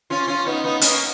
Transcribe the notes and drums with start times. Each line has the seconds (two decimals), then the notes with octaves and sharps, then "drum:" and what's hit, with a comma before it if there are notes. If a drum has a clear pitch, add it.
0.10 C#4 F4
0.28 C#4 F4
0.46 B3 D#4
0.64 B3 D#4
0.81 A#3 C#4, drum: hi-hat